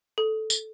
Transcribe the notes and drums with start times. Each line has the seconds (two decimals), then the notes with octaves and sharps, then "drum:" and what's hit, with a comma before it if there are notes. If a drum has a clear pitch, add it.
0.18 A4
0.50 drum: tambourine